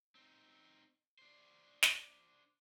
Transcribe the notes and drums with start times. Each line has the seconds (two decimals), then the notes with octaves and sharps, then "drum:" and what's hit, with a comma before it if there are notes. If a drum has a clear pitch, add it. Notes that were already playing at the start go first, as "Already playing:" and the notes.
0.15 C4 D#4
1.19 D4 C5
1.83 drum: snare